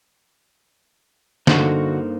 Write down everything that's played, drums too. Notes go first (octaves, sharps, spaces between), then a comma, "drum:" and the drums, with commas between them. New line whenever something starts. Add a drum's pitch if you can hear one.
G2 D3 A#3 D#4 F4 F#4 A4 C5, drum: snare